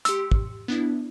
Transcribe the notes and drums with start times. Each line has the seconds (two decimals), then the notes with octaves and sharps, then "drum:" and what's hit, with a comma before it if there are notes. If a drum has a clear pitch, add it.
0.05 G4 C6 E6 C#7, drum: hi-hat
0.31 drum: kick
0.68 B3 D4 E4